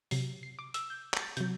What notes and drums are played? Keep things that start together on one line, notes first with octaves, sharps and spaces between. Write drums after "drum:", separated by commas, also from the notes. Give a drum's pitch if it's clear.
C3 F#3 C7, drum: open hi-hat
C7
D6
E6, drum: hi-hat
G6
G6, drum: clap
A6
C3 F#3 G6, drum: hi-hat